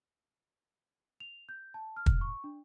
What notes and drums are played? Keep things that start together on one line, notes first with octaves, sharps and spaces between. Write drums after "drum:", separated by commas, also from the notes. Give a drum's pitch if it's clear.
F7
G6
A5
F6
drum: kick
C#6
D4